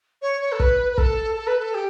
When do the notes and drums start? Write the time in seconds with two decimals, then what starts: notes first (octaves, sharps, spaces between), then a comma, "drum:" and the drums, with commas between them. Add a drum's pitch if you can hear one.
0.22 C#5
0.41 C#5
0.52 A4
0.60 B4, drum: kick
0.92 B4
0.98 A4, drum: kick
1.36 A4
1.47 B4
1.59 A4
1.74 G4